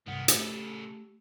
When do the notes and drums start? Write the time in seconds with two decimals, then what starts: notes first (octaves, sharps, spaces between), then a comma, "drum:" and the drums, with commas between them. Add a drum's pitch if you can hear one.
0.06 C2 G2 D#3 B3 F#5
0.28 C#3 A3 G4 A4, drum: hi-hat